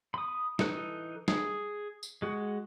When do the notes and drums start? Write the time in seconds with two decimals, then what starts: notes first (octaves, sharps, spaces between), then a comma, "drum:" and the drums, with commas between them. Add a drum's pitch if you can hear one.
0.14 B5 D#6
0.59 E3 D#4 A4 F#6, drum: snare
1.28 G#4, drum: snare
2.03 drum: tambourine
2.22 G#3 F#4